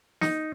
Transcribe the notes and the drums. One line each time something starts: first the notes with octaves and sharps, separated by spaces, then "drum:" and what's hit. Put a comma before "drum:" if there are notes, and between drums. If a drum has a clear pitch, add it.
D#4, drum: snare